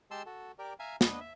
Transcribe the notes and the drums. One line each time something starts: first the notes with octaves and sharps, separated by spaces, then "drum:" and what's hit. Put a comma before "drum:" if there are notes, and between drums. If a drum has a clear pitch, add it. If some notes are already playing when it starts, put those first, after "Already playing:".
G#3 G4 A5 C6 E6
F#4 A4
G4 A#4 D5
E5 F5 G#5 A#5
B3 D4 B4 D#5, drum: snare
E5